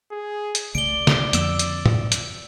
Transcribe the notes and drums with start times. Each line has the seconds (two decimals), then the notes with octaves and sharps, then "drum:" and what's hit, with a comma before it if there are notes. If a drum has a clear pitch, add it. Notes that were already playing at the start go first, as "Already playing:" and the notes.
0.11 G#4
0.55 drum: hi-hat
0.75 C2 C#3 A3 D5 D7 G7
1.07 drum: snare
1.33 F2 D3 A#3 B3 E6 E7, drum: hi-hat
1.59 drum: hi-hat
1.86 drum: tom
2.12 drum: hi-hat